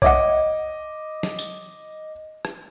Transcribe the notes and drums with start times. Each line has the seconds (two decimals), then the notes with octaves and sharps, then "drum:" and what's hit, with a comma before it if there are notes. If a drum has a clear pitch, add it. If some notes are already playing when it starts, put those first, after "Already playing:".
0.02 C#5 D#5 E5 F#5 D6, drum: kick B1
1.23 drum: snare
1.39 drum: tambourine
2.45 drum: rim click